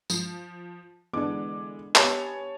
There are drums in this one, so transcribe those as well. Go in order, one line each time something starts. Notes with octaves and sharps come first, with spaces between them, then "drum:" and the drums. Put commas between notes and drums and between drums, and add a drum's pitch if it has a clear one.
F3, drum: tambourine
D3 E3 G#3 B3 D4 D6
B3 G4 C#5 G#5 A5, drum: clap